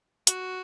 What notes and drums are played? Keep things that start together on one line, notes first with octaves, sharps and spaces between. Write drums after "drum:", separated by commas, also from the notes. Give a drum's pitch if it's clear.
F#4, drum: hi-hat